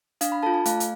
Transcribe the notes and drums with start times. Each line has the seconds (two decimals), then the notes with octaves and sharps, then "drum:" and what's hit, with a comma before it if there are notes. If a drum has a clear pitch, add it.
0.21 D4 F5, drum: hi-hat
0.32 B5
0.43 F4 A4 A5
0.54 G#5
0.65 A3 F5, drum: hi-hat
0.80 drum: hi-hat